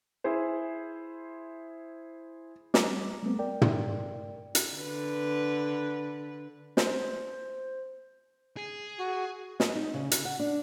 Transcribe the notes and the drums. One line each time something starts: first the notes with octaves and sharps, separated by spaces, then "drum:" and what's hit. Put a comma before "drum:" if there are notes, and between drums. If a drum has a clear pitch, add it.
E4 G#4 C5
G3 A#5 D6, drum: snare
G3 A3 B3 C4
A#4 D5 G5
drum: tom
drum: hi-hat
D3 B4
C5, drum: snare
G#4
F#4
D#5, drum: snare
D#4
C#3
C#3, drum: hi-hat
F#5
D4